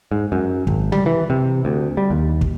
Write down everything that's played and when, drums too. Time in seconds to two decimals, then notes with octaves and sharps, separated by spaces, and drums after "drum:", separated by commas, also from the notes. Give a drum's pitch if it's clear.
0.11 G#2
0.32 F#2
0.67 G#1, drum: kick
0.92 G3, drum: tom C3
1.06 E3
1.30 C3
1.65 D2
1.97 G3
2.10 D#2
2.41 drum: kick